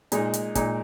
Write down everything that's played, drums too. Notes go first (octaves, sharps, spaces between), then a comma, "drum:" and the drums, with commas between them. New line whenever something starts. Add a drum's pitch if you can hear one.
A#2 G#3 D#4, drum: hi-hat
drum: hi-hat
A#2 G#3 D#4, drum: kick, hi-hat